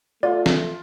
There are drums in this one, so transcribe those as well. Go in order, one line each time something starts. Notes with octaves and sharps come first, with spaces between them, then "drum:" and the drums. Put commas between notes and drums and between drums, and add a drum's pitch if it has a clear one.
A3 F4 D5
drum: snare